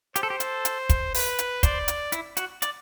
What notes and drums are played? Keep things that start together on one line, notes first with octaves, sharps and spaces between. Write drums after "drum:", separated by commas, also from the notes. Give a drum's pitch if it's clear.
G4 C5, drum: hi-hat
A4
G4
A4, drum: hi-hat
drum: hi-hat
drum: kick, hi-hat
B4, drum: open hi-hat
drum: hi-hat
C5 D5, drum: kick, hi-hat
drum: hi-hat
E4, drum: hi-hat
F#4, drum: hi-hat
D5, drum: hi-hat